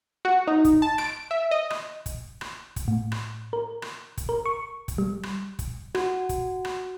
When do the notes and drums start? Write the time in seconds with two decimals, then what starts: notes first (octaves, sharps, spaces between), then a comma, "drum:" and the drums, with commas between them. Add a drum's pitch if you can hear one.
0.25 F#4
0.47 D#4
0.64 drum: kick, hi-hat
0.82 A5
0.98 D7, drum: rim click
1.31 E5
1.51 D#5
1.70 drum: rim click
2.06 drum: kick, hi-hat
2.41 drum: rim click
2.76 drum: kick, hi-hat
2.88 A2
3.12 drum: rim click
3.53 A#4
3.82 drum: rim click
4.17 drum: kick, hi-hat
4.29 A#4
4.46 C#6
4.88 drum: kick, hi-hat
4.98 G3
5.23 drum: rim click
5.59 drum: kick, hi-hat
5.95 F#4, drum: rim click
6.29 drum: kick, hi-hat
6.65 drum: rim click